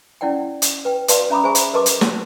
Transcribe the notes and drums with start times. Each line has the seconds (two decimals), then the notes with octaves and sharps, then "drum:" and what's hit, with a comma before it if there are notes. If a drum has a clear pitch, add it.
0.21 C#4 E4 D5 F#5 G5
0.62 drum: hi-hat
0.85 B4 G5
1.08 F#4 B4 D5 F5 A5 C6, drum: hi-hat
1.30 C#4 E5 A#5 B5 D6 D#6
1.44 G#4 C5 E5 G#5 C#6
1.55 drum: hi-hat
1.73 A#4 B4 D#5 A5 C6 D6
1.86 drum: hi-hat
2.01 drum: snare